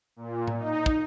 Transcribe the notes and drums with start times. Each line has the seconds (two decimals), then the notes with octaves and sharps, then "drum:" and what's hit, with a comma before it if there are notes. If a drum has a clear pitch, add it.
0.16 A#2
0.47 drum: tom A2
0.57 D#4
0.86 drum: kick